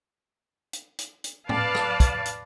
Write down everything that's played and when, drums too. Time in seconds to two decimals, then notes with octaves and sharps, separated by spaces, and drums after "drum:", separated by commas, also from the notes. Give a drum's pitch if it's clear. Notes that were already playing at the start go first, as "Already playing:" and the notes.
0.73 drum: hi-hat
0.98 drum: hi-hat
1.24 drum: hi-hat
1.49 B4 D5 F5 A5, drum: tom
1.75 drum: rim click
2.00 drum: kick, hi-hat
2.25 drum: hi-hat